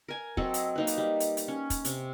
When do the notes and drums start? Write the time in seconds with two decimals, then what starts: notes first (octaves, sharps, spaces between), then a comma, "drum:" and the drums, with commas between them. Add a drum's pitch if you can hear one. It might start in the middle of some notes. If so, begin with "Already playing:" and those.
0.09 A#4 G#5
0.37 F#3 C4 A4 D#5, drum: kick
0.54 drum: hi-hat
0.76 A#3 D#4 B4
0.87 drum: hi-hat
0.98 G3
1.20 drum: hi-hat
1.37 drum: hi-hat
1.48 C#4
1.70 drum: kick, hi-hat
1.85 C3, drum: hi-hat